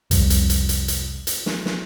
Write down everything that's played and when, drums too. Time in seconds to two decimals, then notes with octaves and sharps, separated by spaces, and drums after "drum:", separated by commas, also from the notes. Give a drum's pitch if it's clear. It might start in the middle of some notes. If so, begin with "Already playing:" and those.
0.11 F1 C2, drum: hi-hat
0.30 drum: hi-hat
0.50 drum: hi-hat
0.69 drum: hi-hat
0.88 drum: hi-hat
1.27 drum: hi-hat
1.46 drum: snare
1.65 drum: snare